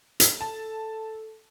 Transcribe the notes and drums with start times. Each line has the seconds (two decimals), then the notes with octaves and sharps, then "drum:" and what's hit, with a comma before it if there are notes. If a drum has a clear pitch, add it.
0.20 drum: hi-hat
0.41 A4 A5